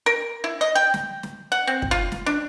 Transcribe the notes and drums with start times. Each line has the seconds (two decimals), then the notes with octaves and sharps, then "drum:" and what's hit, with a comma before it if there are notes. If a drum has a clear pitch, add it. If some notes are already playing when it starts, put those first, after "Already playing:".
0.06 A#4
0.44 E4
0.61 D#5
0.75 G5
0.94 drum: snare
1.23 drum: snare
1.52 F#5
1.67 C4
1.82 drum: kick
1.91 F4
2.12 drum: snare
2.26 D4